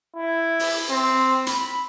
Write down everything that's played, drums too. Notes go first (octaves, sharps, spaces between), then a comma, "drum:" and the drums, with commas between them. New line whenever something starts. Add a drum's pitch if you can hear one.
E4
drum: open hi-hat
C4
B5, drum: hi-hat